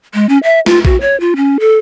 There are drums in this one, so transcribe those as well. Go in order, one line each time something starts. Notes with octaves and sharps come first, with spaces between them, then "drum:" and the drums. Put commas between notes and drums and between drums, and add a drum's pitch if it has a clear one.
G#3
C#4
E5
F4, drum: snare
F#4, drum: kick
C#5
F4
C#4
A4